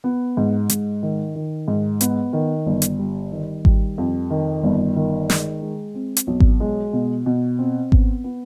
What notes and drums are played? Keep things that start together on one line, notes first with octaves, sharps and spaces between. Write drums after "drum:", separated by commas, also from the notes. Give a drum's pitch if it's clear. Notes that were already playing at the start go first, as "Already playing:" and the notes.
B3
G#2
G#2, drum: hi-hat
D#3
D#3
G#2
B3, drum: hi-hat
D#3
G1
drum: hi-hat
G3
D#3
G3, drum: kick G#1
F2
D#3
G1
D#3
G#3, drum: snare
G#3
C4
drum: hi-hat
B1
drum: kick G#1
G#3
B2
B2
C4
B3, drum: kick G#1
B3